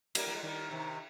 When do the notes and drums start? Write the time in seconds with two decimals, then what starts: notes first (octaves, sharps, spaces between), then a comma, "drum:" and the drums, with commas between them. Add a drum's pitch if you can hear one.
0.15 G3 A#3, drum: cymbal
0.27 A#3
0.35 G#3
0.43 D#3 G3
0.71 C3 D#3